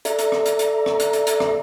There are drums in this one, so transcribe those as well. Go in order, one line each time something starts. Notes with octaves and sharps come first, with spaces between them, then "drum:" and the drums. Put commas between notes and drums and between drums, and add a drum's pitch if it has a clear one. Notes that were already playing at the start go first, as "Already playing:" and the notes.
A4 D5 E5 A#5, drum: hi-hat
drum: hi-hat
drum: rim click
drum: hi-hat
drum: hi-hat
drum: rim click
drum: hi-hat
drum: hi-hat
drum: hi-hat
drum: rim click